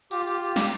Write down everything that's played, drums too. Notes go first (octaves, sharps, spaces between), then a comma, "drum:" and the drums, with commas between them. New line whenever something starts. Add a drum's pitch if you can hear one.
F4 G4, drum: hi-hat
G4
G4
G4, drum: snare